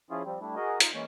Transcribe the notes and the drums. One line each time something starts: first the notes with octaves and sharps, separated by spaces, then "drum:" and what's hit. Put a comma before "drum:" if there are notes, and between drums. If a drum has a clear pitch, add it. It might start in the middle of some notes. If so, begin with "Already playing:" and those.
F3 C#4 E4 F4 G#4
F3 G3 C4
G3 A3 D4 E4
F#4 G#4 A#4 D#5
D#4 F4, drum: hi-hat
E3 G#3 A#3 C#4